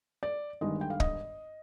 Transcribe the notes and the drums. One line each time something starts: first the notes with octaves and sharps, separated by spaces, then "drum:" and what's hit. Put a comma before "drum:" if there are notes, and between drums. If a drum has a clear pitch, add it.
D5
G1 G2 D#3 G#3 D#5
G5
F5
D#5, drum: kick